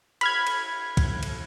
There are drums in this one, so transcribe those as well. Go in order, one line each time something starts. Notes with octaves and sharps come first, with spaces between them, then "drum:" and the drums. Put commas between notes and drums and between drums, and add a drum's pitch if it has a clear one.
B5 F6 G#6, drum: cymbal
drum: cymbal
drum: kick, cymbal
drum: cymbal